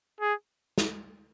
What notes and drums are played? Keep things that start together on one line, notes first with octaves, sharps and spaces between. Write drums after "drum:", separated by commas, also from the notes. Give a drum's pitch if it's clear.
G#4
drum: snare